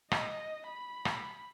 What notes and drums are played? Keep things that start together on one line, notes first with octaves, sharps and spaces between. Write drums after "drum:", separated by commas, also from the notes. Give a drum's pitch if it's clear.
D#5, drum: rim click
B5
drum: rim click